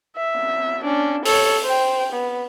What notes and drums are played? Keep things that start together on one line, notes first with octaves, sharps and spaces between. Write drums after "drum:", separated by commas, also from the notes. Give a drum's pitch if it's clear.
E5
drum: cymbal
C#4 D4
A4 C#5, drum: open hi-hat
C5 G5
B3